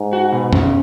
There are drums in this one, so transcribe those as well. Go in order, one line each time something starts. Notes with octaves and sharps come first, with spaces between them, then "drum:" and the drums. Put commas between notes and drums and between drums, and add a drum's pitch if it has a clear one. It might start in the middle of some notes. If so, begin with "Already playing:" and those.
Already playing: G#2
F#4
B2
C#4, drum: tom F2